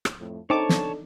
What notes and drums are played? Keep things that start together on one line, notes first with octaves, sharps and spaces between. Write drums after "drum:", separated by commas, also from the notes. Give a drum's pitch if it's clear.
drum: rim click
F2 A2
C4 D4 D#4 A4 C#5 A5 D6
drum: snare